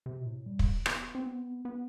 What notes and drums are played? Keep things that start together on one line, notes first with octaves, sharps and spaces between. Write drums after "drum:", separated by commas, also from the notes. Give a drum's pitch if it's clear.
C3
B2
A2
G3
drum: kick
B3, drum: rim click
C4
B3
B3